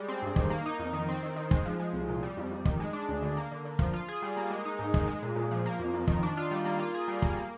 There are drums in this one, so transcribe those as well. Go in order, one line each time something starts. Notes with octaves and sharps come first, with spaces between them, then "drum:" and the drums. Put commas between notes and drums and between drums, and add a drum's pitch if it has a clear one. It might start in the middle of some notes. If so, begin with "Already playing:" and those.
Already playing: G3 G#3
C4
G2
D#3, drum: kick
A#3
D#4
F2
D#3
C4
D#3
D#3
G#3, drum: kick
F3
G#3
C2
A#2
G3
F2
F2
D#3, drum: kick
G#3
D4
D2
D3
A#3
D3
D3
F3, drum: kick
F4
G#4
G3
A#3
G#3
D#4
G#2
D#3, drum: kick
G#3
A#2
A#2
F3
A#3
F2
F2
D#3, drum: kick
D4
F4
G3
A#3
F4
G#4
G3
A#3, drum: kick
A#3